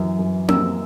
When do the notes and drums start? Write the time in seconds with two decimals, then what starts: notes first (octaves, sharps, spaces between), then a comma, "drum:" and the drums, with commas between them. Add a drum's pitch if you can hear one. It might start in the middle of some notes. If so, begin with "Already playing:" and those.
Already playing: F#2 E3
0.19 F#2
0.48 A#3 E6, drum: tom C4